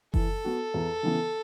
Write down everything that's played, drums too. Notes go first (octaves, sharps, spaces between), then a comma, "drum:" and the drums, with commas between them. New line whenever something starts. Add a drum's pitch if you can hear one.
E3 A4, drum: kick F#1
B3 F#4
E2
C#3 E3 B3